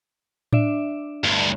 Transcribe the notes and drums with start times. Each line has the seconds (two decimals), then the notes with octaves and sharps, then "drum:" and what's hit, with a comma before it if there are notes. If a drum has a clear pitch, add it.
0.53 D4 D5 E5, drum: tom A2
1.24 D2 G2